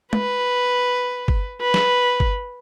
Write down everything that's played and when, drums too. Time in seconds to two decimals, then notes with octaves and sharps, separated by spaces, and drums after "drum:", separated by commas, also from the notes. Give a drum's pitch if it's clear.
0.13 B4, drum: tom G#3
1.28 drum: kick G1
1.61 B4
1.74 drum: snare
2.20 drum: kick G1